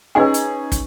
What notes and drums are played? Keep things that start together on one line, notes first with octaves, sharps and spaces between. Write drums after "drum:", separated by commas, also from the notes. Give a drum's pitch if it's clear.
C#4 D#4 G#4 B4 D#5 G#5
drum: hi-hat
drum: kick, hi-hat